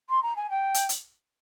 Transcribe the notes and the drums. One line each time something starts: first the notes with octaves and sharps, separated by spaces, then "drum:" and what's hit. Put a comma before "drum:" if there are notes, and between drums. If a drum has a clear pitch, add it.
C6
A#5
G#5
G5
drum: hi-hat
drum: hi-hat